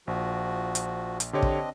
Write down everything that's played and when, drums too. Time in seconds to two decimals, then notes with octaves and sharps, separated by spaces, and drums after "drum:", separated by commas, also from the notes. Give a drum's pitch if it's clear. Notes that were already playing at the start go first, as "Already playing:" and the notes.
0.07 A#1 F3 F#4
0.75 drum: hi-hat
1.20 drum: hi-hat
1.33 D3 C4 D4 G4 C#5 D#5
1.42 drum: kick